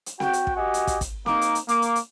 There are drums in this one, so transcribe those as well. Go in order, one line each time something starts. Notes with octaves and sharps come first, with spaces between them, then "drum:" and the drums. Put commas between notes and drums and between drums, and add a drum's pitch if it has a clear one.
drum: hi-hat
F#4 G5, drum: snare C4
drum: hi-hat
drum: kick
F#4 G4 D#5 G#5
drum: hi-hat
drum: kick, hi-hat
drum: kick, hi-hat
A#3 D#4 A#5 D6, drum: snare C4
drum: hi-hat
drum: hi-hat
A#3 D6, drum: hi-hat
drum: hi-hat
drum: hi-hat